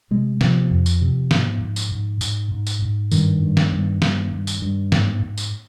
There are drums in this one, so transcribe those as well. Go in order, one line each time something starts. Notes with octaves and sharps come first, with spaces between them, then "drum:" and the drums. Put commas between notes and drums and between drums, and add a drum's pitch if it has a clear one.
C3 G#3
C3 F3, drum: snare
F2
drum: tambourine
C3
G#2, drum: snare
G#2
drum: tambourine
G#2
G#2, drum: tambourine
G#2
drum: tambourine
G#2
G2 D#3, drum: tambourine
G2
drum: snare
G2
G2, drum: snare
G2
drum: tambourine
G2
G#2, drum: snare
G#2
drum: tambourine